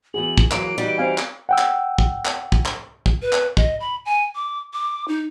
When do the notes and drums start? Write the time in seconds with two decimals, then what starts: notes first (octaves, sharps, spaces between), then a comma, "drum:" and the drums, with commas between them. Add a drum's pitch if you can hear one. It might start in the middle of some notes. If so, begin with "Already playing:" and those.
0.14 E2 E3 F#4 G#4 F#7
0.38 drum: kick
0.51 E3 F#3 A#3 D7, drum: clap
0.78 E3 G3 D#4 F#4
0.98 C4 F5 G#5
1.18 drum: clap
1.49 F#5 G5 E6
1.58 drum: clap
1.98 drum: kick
2.25 drum: clap
2.52 drum: kick
2.66 drum: clap
3.06 drum: kick
3.22 B4
3.33 drum: clap
3.57 D#5, drum: kick
3.80 B5
4.06 G#5
4.35 D6
4.73 D6
5.08 D#4